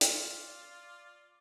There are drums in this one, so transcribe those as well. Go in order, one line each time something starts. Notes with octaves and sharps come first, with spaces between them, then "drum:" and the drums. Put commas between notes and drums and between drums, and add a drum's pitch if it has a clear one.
F4 D5, drum: hi-hat